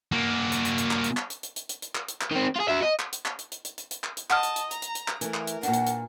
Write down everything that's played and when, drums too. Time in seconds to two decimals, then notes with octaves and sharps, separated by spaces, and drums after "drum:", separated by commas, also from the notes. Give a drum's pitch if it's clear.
0.12 A#3 F#4
0.52 drum: hi-hat
0.65 drum: hi-hat
0.78 drum: hi-hat
0.91 drum: clap
1.04 drum: hi-hat
1.17 drum: clap
1.30 drum: hi-hat
1.43 drum: hi-hat
1.56 drum: hi-hat
1.69 drum: hi-hat
1.82 drum: hi-hat
1.95 drum: clap
2.08 drum: hi-hat
2.21 drum: clap
2.31 D#3 C4
2.56 F4 G#4
2.68 F#4 E5
2.82 D#5
2.99 drum: clap
3.12 drum: hi-hat
3.26 drum: clap
3.39 drum: hi-hat
3.52 drum: hi-hat
3.65 drum: hi-hat
3.78 drum: hi-hat
3.91 drum: hi-hat
4.04 drum: clap
4.17 drum: hi-hat
4.30 D#5 F#5 A5 F6, drum: clap
4.43 drum: hi-hat
4.56 drum: hi-hat
4.71 A#5, drum: hi-hat
4.82 drum: hi-hat
4.95 drum: hi-hat
5.08 drum: clap
5.21 E3 A3 A#4, drum: hi-hat
5.34 drum: clap
5.47 drum: hi-hat
5.63 A#2 D4 F#5, drum: hi-hat
5.73 drum: hi-hat
5.86 drum: hi-hat